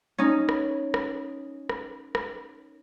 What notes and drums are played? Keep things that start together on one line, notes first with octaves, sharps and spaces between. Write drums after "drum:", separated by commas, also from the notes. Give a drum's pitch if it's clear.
C#4 D#4
drum: rim click
drum: rim click
drum: rim click
drum: rim click